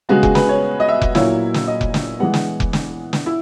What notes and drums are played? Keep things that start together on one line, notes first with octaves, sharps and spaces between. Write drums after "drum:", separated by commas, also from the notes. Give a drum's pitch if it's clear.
C#3 G#3 B3 F#4
G#4, drum: kick F1
B4, drum: snare
C#5
D#5
E5
drum: kick F1
A#2 F#3 A#3 E4 C#5, drum: snare
drum: snare
D#5
drum: kick F1
drum: snare
E3 G#3 B3 F#5
drum: snare
drum: kick F1
drum: snare
drum: snare
E4